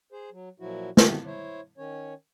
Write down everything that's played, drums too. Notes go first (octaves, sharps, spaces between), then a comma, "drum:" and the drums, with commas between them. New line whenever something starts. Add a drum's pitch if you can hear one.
G#4 C5
F#3
A#2 F3 F#3 E4 F#4
F3 A3 C4 F#4 G4, drum: snare
E4 C5 C#5
D#3 C#4 C#5